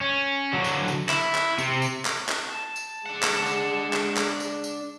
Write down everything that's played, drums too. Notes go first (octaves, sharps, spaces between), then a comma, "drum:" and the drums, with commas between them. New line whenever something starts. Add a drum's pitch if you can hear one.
C#4
D3 F#3
drum: tambourine
drum: tambourine
E4, drum: clap
drum: clap
C3, drum: tambourine
drum: tambourine
drum: clap
drum: clap
A5
drum: tambourine
G#3 D4 F#5
drum: clap
drum: tambourine
drum: clap
drum: clap
drum: tambourine
drum: tambourine